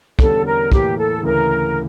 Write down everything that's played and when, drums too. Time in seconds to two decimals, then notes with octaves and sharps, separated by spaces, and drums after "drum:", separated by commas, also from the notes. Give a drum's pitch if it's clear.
0.19 E2 D3 G3 C#4 A4, drum: kick
0.45 A#4
0.72 A2 E3 A#3 G4, drum: kick
0.97 A4
1.23 D2 C#3 E3 A#4